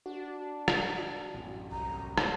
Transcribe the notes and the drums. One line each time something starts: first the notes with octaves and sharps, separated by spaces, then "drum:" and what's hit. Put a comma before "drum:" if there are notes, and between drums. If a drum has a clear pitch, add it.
D4 F#4
drum: rim click
A1 F#2 A2
C2 A#5
C#5, drum: rim click